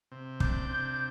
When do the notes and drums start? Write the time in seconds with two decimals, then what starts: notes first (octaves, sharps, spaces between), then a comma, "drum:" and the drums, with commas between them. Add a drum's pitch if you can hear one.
0.12 C3
0.40 D4 G6, drum: kick
0.70 C3